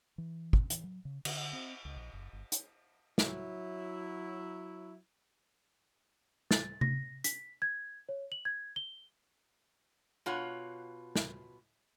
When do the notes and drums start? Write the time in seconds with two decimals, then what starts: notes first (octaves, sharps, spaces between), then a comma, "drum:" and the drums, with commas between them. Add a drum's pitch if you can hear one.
0.18 E3
0.53 A#2, drum: kick
0.70 E3, drum: hi-hat
0.84 F#3
1.05 C#3
1.25 D3, drum: cymbal
1.53 C4
1.85 C#2
1.96 A#1
2.13 F#1
2.33 G1
2.52 drum: hi-hat
3.18 F#3 E4, drum: snare
6.51 A6, drum: snare
6.81 A#6, drum: tom C3
7.24 B6, drum: hi-hat
7.62 G#6
8.09 C#5
8.32 F#7
8.45 G#6
8.76 G7
10.26 B2 F4 C#5 F#5
11.15 drum: snare